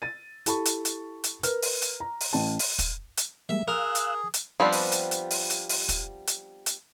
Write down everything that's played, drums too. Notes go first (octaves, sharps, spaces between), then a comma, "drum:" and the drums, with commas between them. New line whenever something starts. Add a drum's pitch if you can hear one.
A6 D#7
E4 G4 A4 A5 B5 C#6, drum: hi-hat
drum: hi-hat
drum: hi-hat
drum: hi-hat
A#4 B4 F6, drum: hi-hat
drum: open hi-hat
drum: hi-hat
A#5
drum: open hi-hat
A1 G5 A5
drum: open hi-hat
drum: kick, hi-hat
drum: hi-hat
G3 G#3 A#3 E5
G#4 A#4 F5 E6 F#6
drum: hi-hat
drum: hi-hat
F3 G3 B3 C4 D4
drum: open hi-hat
drum: hi-hat
drum: hi-hat
drum: open hi-hat
drum: hi-hat
drum: open hi-hat
drum: kick, hi-hat
drum: hi-hat
drum: hi-hat